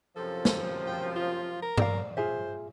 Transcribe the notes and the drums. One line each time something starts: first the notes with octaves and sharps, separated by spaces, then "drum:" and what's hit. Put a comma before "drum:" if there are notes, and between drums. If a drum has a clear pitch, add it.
F#2 C3 F3 A4
drum: snare
G5
F4
A#4
D5 F5, drum: tom G2
F4 G#4 C5 E5